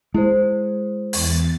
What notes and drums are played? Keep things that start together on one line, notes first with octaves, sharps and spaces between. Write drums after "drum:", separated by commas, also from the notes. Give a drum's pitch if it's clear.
G#3 E4 C5
E2 A6, drum: open hi-hat